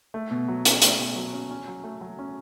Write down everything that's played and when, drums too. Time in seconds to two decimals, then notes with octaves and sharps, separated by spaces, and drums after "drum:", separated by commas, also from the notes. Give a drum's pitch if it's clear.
0.14 A3
0.31 B2
0.48 F#3
0.65 C#4, drum: hi-hat
0.82 A3, drum: hi-hat
0.99 B2
1.16 F#3
1.33 C#4
1.51 C#4
1.68 F#3
1.84 A3
2.01 F#3
2.19 C#4